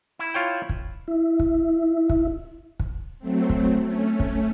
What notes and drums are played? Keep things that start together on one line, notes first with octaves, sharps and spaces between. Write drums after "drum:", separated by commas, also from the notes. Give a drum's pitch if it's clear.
E4
F4 C#5 G5
drum: kick
E4
drum: kick
drum: kick
drum: kick
F#3 A3 C4
drum: kick
A3 C#4
drum: kick